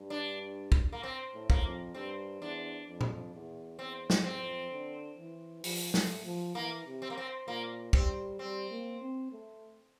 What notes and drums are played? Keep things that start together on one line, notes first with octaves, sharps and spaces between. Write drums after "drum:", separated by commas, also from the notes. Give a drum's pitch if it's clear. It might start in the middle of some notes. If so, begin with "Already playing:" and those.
Already playing: G2
D4
drum: kick
A#3
C4
A2
A#3, drum: kick
F2
G2 C4
E2 D4
F2
drum: tom A#2
E2
E2 C4
E2, drum: snare
C4
F2
D3
E3
F3, drum: open hi-hat
A3, drum: snare
F3
E3 A#3
C3
C4
A#3
C4
A#2 A#3
G3 C4, drum: kick
G3 C4
A#3
C4
A3